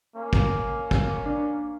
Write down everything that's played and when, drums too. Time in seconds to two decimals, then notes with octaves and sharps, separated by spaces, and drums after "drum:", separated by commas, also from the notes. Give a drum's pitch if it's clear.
0.15 A#3 C#4
0.33 drum: kick
0.91 drum: kick
1.26 D4